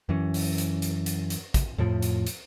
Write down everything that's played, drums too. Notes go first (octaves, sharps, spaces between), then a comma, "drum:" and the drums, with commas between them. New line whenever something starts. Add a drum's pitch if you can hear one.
F#2 E3 C#4
drum: open hi-hat
drum: hi-hat
drum: hi-hat
drum: hi-hat
drum: hi-hat
drum: kick A1, hi-hat
F2 A2 F3
drum: hi-hat
drum: hi-hat